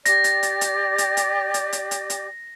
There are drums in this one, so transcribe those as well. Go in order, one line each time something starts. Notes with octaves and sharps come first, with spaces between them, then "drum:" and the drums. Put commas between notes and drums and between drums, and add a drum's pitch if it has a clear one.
G4 D5 A#6, drum: hi-hat
drum: hi-hat
drum: hi-hat
drum: hi-hat
drum: hi-hat
drum: hi-hat
drum: hi-hat
drum: hi-hat
drum: hi-hat
drum: hi-hat